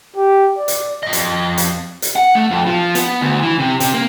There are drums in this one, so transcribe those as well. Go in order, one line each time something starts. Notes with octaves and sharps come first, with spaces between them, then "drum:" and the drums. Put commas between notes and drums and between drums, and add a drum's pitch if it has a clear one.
G4
D5
drum: hi-hat
F2 D#5
drum: hi-hat
drum: hi-hat
drum: hi-hat
F#5
A3
F2
F3
B3, drum: hi-hat
D2
E3
C3
C3, drum: hi-hat
A#3